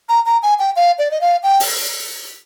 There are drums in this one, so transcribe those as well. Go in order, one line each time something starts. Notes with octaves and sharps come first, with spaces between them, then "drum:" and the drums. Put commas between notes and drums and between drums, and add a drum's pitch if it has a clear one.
A#5
A#5
G#5
G5
F5
D5
D#5
F5
G5
drum: open hi-hat